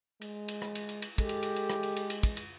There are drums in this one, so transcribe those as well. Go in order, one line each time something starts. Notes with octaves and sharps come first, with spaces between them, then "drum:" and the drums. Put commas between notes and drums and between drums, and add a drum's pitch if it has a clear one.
G#3, drum: cymbal
drum: cymbal
drum: rim click
drum: cymbal
drum: cymbal
drum: cymbal
G#3 G4 A4, drum: kick, cymbal
drum: cymbal
drum: cymbal
drum: cymbal
drum: rim click
drum: cymbal
drum: cymbal
drum: cymbal
drum: kick, cymbal
drum: cymbal